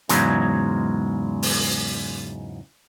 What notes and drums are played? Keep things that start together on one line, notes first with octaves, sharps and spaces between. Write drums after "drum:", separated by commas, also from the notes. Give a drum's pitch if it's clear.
E2 G#2 C#3 F#3 G#3, drum: hi-hat
drum: open hi-hat